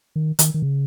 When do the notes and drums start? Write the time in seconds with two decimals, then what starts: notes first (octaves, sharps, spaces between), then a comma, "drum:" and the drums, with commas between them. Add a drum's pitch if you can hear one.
0.16 D#3
0.39 D#3, drum: hi-hat
0.54 D#3
0.62 C#3